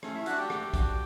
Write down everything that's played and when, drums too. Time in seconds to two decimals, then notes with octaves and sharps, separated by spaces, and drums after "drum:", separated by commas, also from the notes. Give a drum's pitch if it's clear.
0.03 A3 C#4 C#5, drum: rim click
0.14 E4 E5
0.26 D4 F#4 F#5, drum: hi-hat
0.38 G4 G5
0.50 A3, drum: rim click
0.74 D4 F#4, drum: kick B1, hi-hat